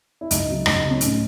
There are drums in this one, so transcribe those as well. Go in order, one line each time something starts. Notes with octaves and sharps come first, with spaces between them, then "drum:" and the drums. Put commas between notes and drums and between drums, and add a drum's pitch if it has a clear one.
E4
C#2 D#4, drum: hi-hat
C#3 F#3
C#2 D#4, drum: rim click
C#3 F#3
C#4
A2 D#4, drum: hi-hat